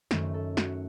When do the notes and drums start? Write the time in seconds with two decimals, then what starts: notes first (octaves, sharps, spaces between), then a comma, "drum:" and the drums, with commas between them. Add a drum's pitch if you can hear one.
0.11 F#2 D#3 A3 C#4 C5, drum: snare
0.34 A4
0.57 F#4, drum: snare